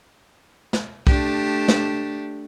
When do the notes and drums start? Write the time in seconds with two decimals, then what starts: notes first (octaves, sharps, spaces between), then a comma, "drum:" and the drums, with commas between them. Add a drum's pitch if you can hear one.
0.73 drum: snare
1.07 A3 D4 G4, drum: kick B1
1.68 drum: snare